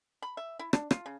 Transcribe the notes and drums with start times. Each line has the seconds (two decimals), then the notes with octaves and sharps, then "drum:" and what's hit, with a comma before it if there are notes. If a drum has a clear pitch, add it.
0.22 B5
0.37 E5
0.59 E4
0.73 D4, drum: rim click
0.91 F4, drum: rim click
1.06 C#3